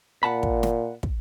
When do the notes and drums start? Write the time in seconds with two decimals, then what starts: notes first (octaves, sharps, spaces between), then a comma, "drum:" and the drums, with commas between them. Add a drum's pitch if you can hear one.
0.23 A#2 F#5 A5 B5
0.43 drum: kick
0.63 drum: snare
1.03 drum: kick